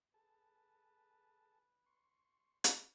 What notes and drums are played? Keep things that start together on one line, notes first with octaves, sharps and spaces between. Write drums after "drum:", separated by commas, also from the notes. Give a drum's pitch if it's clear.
G#4 A4 B4 A5
C6 C#6
drum: hi-hat